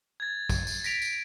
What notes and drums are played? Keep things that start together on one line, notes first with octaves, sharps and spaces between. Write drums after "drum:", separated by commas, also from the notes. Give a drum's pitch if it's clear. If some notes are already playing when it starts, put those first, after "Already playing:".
G#6 A6
drum: kick, tambourine
drum: tambourine
A#6 B6 D7 F7, drum: tambourine
drum: tambourine